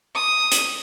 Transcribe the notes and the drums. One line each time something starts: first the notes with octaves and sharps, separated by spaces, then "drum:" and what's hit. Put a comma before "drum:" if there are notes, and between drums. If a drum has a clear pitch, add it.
D#6
drum: hi-hat